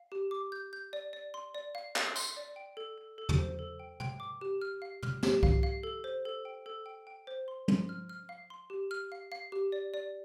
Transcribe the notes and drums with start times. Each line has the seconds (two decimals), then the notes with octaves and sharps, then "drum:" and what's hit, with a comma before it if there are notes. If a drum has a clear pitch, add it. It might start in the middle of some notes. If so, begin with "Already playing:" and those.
Already playing: F5
0.12 G4
0.31 D6
0.52 G6
0.73 G6
0.93 D5
1.13 D5
1.34 C6
1.55 D5
1.75 F5
1.96 F5, drum: clap
2.16 C6, drum: tambourine
2.37 D5
2.56 G5
2.77 A4
2.98 A4
3.18 A4
3.29 drum: tom
3.38 C5
3.59 A4
3.79 G5
4.00 G5, drum: tom
4.20 D6
4.41 G4
4.61 F6
4.82 F5
5.03 F6, drum: tom
5.23 G4, drum: snare
5.43 F5, drum: kick C2
5.63 F5
5.83 A4
6.04 C5
6.25 A4
6.45 G5
6.66 A4
6.86 G5
7.07 G5
7.27 C5
7.48 C6
7.68 C6, drum: tom
7.89 F6
8.09 F6
8.29 F5
8.50 C6
8.70 G4
8.91 F6
9.12 F5
9.32 F5
9.52 G4
9.72 D5
9.94 D5